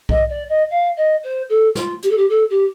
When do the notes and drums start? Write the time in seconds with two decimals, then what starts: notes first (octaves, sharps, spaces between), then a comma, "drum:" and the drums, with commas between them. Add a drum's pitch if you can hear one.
0.09 D#5, drum: kick B1
0.29 D5
0.48 D#5
0.70 F5
0.96 D#5
1.23 C5
1.49 A4
1.75 F4, drum: snare
2.02 G4, drum: hi-hat
2.10 A4
2.16 G4
2.29 A4
2.49 G4